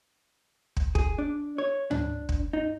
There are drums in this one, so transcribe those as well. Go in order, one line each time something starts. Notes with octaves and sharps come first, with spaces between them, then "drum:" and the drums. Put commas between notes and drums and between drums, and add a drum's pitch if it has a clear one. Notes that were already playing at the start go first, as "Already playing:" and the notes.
drum: kick
G#4, drum: kick
D4
C#5
D4, drum: tom
drum: kick
D#4